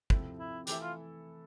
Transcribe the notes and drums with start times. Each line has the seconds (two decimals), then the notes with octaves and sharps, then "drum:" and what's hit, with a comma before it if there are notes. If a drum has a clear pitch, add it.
0.10 C3 F3 C4 E4 A4, drum: kick
0.39 E4
0.67 E3 A3 E4 G4 A4 E5, drum: hi-hat
0.82 F4